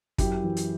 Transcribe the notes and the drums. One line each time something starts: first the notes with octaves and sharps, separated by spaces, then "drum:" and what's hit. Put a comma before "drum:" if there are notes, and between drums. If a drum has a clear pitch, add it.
F#2 E4 G4, drum: kick, hi-hat
E3
drum: hi-hat